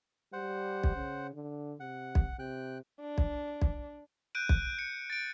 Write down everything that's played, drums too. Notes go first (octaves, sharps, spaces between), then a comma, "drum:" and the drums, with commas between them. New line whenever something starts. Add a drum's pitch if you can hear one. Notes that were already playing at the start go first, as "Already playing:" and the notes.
G3 C5 F#5
drum: kick B1
C#3
D3
C3 F#5
drum: kick B1
C3 G5 F#6
D4
drum: kick B1
drum: kick B1
F#6 G6 D7 D#7
drum: kick B1
C#7
A6 D7